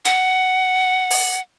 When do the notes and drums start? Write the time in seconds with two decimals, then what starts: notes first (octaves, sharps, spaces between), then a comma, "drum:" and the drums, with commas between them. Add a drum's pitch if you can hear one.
0.05 F#5, drum: hi-hat
1.10 drum: open hi-hat